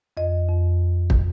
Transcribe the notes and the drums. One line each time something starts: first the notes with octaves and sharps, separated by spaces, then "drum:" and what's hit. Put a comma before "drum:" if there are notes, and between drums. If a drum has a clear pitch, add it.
F2 D#5
F2
drum: kick